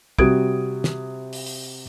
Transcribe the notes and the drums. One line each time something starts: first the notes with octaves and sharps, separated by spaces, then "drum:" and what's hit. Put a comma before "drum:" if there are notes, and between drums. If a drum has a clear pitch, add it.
C3 G3 F#4 D#6 G#6 D7, drum: kick
drum: snare
drum: open hi-hat
drum: open hi-hat